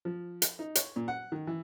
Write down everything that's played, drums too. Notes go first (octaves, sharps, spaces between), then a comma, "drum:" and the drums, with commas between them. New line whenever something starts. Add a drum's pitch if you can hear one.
F3
drum: hi-hat
D#4
C#5, drum: hi-hat
A#2
F#5
D#3
E3